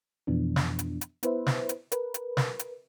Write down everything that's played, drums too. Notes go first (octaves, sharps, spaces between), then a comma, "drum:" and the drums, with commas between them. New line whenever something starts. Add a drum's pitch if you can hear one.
F2 B2 E3 F3 B3 D4
drum: snare
drum: hi-hat
drum: hi-hat
B3 E4 B4 C5 E5, drum: hi-hat
drum: snare
drum: hi-hat
A#4 B4, drum: hi-hat
drum: hi-hat
drum: snare
drum: hi-hat